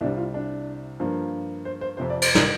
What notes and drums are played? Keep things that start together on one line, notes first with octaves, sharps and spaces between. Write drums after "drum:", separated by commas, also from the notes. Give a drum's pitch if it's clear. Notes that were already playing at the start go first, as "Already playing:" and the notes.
C2 C3 G3 D4
F4
D4
G2 F3 A#3
C5
C5
F2 C3 F3 C5
D5
C5, drum: cymbal
A#4, drum: snare